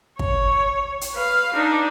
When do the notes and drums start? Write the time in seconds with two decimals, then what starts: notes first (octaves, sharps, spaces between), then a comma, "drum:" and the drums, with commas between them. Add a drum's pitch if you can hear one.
0.19 C#5, drum: kick
1.01 drum: hi-hat
1.14 B4 F5
1.54 D4 D#4